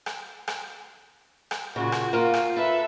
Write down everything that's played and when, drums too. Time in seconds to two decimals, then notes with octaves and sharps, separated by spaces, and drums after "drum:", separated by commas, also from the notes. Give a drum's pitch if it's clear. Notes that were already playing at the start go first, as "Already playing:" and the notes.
0.06 drum: rim click
0.48 drum: rim click
1.51 drum: rim click
1.76 A#2 C#3 F#4
1.92 drum: rim click
2.13 A#3 F4
2.34 drum: rim click
2.57 A4 B4 E5